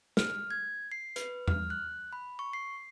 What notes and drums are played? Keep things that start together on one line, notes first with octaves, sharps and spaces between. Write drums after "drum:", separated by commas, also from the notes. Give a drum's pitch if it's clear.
F6, drum: snare
G#6
C7
B4, drum: hi-hat
F6, drum: tom E2
F#6
B5
C#6
C7